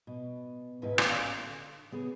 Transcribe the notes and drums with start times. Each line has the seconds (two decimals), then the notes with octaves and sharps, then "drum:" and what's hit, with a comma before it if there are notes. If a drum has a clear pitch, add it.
0.07 B2
0.82 D#2 G#2 E4 B4 D#5
0.98 C#4 D5 F5 G#5, drum: rim click
1.45 D3
1.92 C#3 B3 G#4